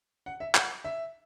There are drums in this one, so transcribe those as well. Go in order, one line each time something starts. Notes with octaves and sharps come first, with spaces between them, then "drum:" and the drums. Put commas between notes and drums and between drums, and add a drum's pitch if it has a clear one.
F#5
E5
F#5, drum: clap
E5